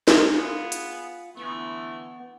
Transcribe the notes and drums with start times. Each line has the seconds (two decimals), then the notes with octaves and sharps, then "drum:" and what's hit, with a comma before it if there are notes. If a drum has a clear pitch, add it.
0.08 G#3, drum: snare
0.32 B3 F4 G#4
0.72 drum: hi-hat
1.37 D3 E3 A3 B3